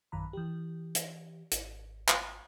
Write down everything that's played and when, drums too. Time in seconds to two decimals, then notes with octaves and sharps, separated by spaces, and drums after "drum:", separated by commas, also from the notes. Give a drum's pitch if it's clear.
0.12 A#1 F#2 D#3 A#5 B5
0.33 E3 G4
0.95 drum: hi-hat
1.52 G#1, drum: hi-hat
2.08 drum: clap